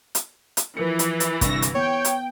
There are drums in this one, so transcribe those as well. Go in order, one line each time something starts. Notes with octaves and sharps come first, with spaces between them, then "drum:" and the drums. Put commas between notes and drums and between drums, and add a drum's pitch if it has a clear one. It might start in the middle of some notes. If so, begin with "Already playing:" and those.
drum: hi-hat
drum: hi-hat
E3 F3 A#4 C#7
drum: hi-hat
drum: hi-hat
C2 G2 D3 C#6 E6 A#6, drum: kick, hi-hat
drum: hi-hat
B3 C#5 G5
drum: hi-hat